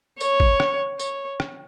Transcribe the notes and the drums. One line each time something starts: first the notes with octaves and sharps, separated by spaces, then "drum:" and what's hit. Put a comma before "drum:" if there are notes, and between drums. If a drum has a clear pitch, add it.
C#5, drum: tambourine
drum: kick
drum: rim click
C#5, drum: tambourine
drum: rim click